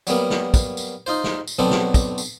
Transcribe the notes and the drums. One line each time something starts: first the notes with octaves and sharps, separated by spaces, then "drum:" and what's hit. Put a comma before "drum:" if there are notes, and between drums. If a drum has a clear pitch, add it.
F#3 G3 A#3 B3, drum: tambourine
drum: snare
drum: kick, tambourine
drum: tambourine
D#4 F4 C5
drum: snare
drum: tambourine
B1 F#3 B3 C4 D4 A4
drum: snare
drum: kick, tambourine
drum: tambourine